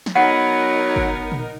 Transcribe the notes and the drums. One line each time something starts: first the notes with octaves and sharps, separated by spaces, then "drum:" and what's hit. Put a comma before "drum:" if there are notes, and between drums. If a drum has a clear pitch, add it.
drum: snare
F#3 B3 D#4 A#4 F#5
drum: kick
drum: tom